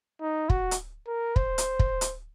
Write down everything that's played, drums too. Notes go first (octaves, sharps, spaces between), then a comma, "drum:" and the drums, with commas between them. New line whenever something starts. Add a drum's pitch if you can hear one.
D#4
F#4, drum: kick
drum: hi-hat
A#4
C5, drum: kick
drum: hi-hat
drum: kick
drum: hi-hat